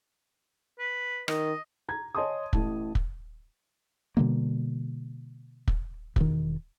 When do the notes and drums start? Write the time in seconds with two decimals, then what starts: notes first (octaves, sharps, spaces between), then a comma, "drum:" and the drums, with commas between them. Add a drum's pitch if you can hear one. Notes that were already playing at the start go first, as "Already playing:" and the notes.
0.79 B4
1.28 D#3 D#5, drum: rim click
1.89 A#5 G#6
2.15 C#5 D#5 G#5 A5 C6 D#6
2.53 A1 A2 A5, drum: kick
2.95 drum: kick
4.17 B2 D3 G3 A#3
5.68 drum: kick
6.16 E1 D#3, drum: kick